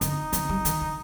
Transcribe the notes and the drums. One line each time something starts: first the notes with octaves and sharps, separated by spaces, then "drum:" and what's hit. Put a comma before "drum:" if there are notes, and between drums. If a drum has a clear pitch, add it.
D3 D#4, drum: hi-hat
D3, drum: hi-hat
G3
D#3, drum: hi-hat
D3